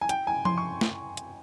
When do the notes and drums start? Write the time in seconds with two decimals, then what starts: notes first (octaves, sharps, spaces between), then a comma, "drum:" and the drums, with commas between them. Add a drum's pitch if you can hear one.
0.01 G#5
0.09 G5, drum: hi-hat
0.27 G#5
0.45 C6, drum: tom F3
0.58 C#6
0.81 drum: snare
1.17 drum: hi-hat